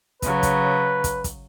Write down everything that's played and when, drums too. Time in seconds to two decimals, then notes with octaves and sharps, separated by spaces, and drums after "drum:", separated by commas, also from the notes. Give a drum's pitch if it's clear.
0.22 C#3 F#3 B4, drum: kick, hi-hat
0.43 drum: kick, hi-hat
1.04 drum: kick, hi-hat
1.24 drum: kick, hi-hat